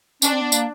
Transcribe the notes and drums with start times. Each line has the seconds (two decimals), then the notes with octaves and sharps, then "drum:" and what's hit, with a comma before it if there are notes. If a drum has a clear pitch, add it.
0.22 C#4 D4, drum: tambourine
0.32 C4
0.42 B3
0.52 A#3, drum: tambourine